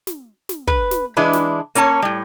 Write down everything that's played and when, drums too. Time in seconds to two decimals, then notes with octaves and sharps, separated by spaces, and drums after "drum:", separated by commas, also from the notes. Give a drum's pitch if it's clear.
0.07 drum: snare
0.49 drum: snare
0.67 B4, drum: kick
0.91 drum: snare
1.17 E3 G#3 D4 E4 B4
1.33 drum: snare
1.75 A#3 C#4 C#5 A5, drum: hi-hat
2.02 A2 G3